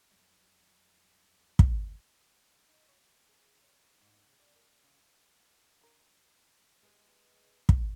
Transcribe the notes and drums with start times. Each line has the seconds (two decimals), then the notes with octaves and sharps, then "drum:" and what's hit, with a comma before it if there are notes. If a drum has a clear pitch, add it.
0.11 F2 F#3 G3
1.59 drum: kick
2.68 D#4
2.88 C#5
3.29 G#4
3.62 C#5
4.00 G#2
4.25 C#3
4.40 D5
4.56 A#4
4.83 C#3
5.81 D4 A#4
6.83 G#3 G4 B4 D#5
7.69 drum: kick